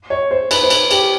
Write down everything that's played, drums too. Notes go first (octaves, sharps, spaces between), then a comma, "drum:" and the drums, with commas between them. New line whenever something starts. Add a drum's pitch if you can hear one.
C#5
C5
B4, drum: cymbal
C5
B4, drum: cymbal
G4, drum: cymbal